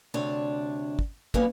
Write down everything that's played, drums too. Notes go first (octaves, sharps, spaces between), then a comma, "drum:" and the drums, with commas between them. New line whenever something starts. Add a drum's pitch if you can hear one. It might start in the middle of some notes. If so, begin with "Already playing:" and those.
D2 C3 D4 C#5
drum: kick
F#3 G3 A#3 B3 C#4 B4, drum: kick